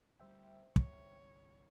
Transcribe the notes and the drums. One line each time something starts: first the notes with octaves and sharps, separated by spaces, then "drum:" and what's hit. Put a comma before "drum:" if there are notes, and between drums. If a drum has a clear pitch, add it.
D2 G3 C5 E5 G5
G1 C2 C#5, drum: kick